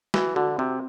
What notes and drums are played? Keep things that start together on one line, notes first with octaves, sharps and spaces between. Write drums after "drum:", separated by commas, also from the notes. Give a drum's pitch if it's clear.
E3 F#4, drum: snare
D3 F#4
C3 C4